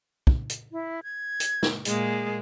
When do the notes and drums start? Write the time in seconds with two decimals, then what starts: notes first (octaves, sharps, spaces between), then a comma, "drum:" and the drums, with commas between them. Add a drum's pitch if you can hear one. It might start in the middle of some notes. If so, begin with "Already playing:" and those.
0.27 drum: kick
0.50 drum: hi-hat
0.72 E4
1.04 G#6
1.40 drum: hi-hat
1.63 drum: snare
1.85 A#2 G#3 A#3 G#4, drum: hi-hat